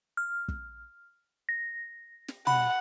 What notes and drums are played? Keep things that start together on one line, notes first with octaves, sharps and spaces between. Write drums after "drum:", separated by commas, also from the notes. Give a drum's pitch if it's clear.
F6
drum: kick
A#6
drum: snare
F#5 B5, drum: tom